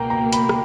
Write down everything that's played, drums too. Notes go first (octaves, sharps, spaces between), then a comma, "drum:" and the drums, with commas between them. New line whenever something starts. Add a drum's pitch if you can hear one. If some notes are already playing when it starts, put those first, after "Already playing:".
Already playing: C#2 B2 A#3 G5 A#5
A#5
B5, drum: hi-hat
drum: rim click